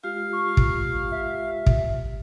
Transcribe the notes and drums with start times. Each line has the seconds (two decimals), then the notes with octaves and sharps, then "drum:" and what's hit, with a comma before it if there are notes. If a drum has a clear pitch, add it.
0.04 G#3 F4 G4 F5
0.33 C#6
0.57 drum: kick
1.12 E5
1.66 drum: kick